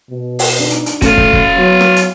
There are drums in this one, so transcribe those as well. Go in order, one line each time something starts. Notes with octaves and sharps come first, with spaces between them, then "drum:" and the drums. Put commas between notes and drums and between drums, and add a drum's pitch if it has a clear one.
B2
drum: open hi-hat
D4 D#4
drum: hi-hat
drum: hi-hat
A3 C#4 F#4 F5, drum: kick, hi-hat
drum: kick
drum: kick
F#3 B3
drum: rim click
drum: hi-hat